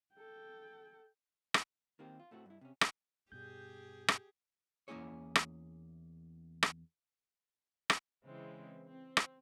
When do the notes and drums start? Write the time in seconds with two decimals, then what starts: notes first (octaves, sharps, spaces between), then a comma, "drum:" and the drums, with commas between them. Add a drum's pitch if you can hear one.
0.14 A4 G5
1.54 drum: rim click
1.99 D#3 A#3 C4 G4
2.20 F4
2.31 A2 A3 C4 F#4
2.46 G2 E4
2.61 C3 C#4
2.81 drum: rim click
3.32 G2 B2 G4 G#4 G6
4.08 drum: rim click
4.88 E2 A#3 C#4 E4 G#4 C#5
5.35 drum: rim click
6.63 drum: rim click
7.90 drum: rim click
8.24 C#3 E3 G#3 C4
8.86 C4
9.17 drum: rim click